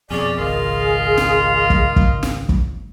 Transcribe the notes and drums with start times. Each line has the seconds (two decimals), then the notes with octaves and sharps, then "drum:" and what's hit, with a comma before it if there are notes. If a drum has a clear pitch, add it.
0.11 F2 B2 C#4 G#4 D5
0.39 G#1 C#2 F4 A#4 D#5 F5
1.17 drum: snare
1.70 drum: kick
1.96 drum: kick
2.23 drum: snare
2.49 drum: kick